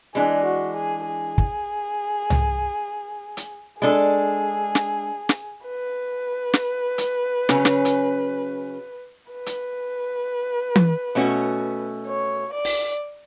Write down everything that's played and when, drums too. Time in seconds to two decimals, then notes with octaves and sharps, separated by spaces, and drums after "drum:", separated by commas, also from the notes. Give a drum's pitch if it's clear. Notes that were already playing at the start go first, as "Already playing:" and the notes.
0.15 E3 G#3 D4 G#4
0.45 F#4
0.76 G#4
1.06 G#4
1.38 drum: kick
2.30 drum: tom C2
3.37 drum: hi-hat
3.82 G#3 D4 G#4 A4
4.75 drum: snare
5.29 drum: snare
5.65 B4
6.53 drum: snare
6.98 drum: hi-hat
7.49 C#3 F#3 C#4, drum: snare
7.65 drum: snare
7.85 drum: hi-hat
9.32 B4
9.46 drum: hi-hat
10.76 drum: tom E3
11.15 B2 A3 C#4 F#4
12.07 C#5
12.53 D5
12.65 drum: open hi-hat